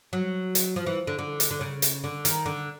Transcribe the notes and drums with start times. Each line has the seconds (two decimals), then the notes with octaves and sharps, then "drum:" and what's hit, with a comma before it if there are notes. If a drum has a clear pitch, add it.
0.13 F#3
0.55 drum: hi-hat
0.76 F3
0.86 E3
1.07 D3
1.19 D3
1.40 drum: hi-hat
1.51 D3
1.61 C#3
1.82 drum: hi-hat
2.04 D3
2.25 D#3, drum: hi-hat
2.46 D3